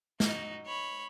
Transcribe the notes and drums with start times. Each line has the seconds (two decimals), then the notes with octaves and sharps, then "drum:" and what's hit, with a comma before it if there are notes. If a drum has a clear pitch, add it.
0.20 D#4 F#4, drum: snare
0.66 C#5 B5